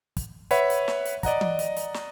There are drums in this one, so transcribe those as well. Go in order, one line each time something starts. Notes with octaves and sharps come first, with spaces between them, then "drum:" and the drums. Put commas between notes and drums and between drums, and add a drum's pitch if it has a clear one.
drum: kick, hi-hat
B4 C#5 E5 F#5 B5, drum: hi-hat
drum: hi-hat
drum: snare
drum: hi-hat
D5 D#5 F#5 A#5, drum: kick, hi-hat
drum: tom
drum: hi-hat
drum: hi-hat
drum: snare